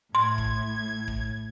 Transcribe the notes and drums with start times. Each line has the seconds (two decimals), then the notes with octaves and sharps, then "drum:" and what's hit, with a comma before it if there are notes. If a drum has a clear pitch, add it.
0.15 A2 C6 G#6
0.38 drum: kick
1.08 drum: kick